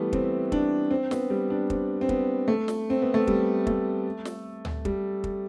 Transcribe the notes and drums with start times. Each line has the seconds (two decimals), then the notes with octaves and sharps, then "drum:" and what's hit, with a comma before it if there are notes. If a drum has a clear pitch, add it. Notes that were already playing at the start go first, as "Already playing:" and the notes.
Already playing: E3 G3 A3 B3
0.13 C4, drum: kick
0.52 D4, drum: kick
0.91 C4
1.11 B3, drum: snare
1.30 G3
1.50 D4
1.70 C4, drum: kick
2.01 C4
2.09 B3, drum: kick
2.48 A3
2.68 drum: snare
2.90 C4
3.02 B3
3.14 A3
3.27 G3, drum: kick
3.67 A3, drum: kick
4.25 drum: snare
4.65 drum: tom D2
4.85 G3, drum: kick
5.24 drum: kick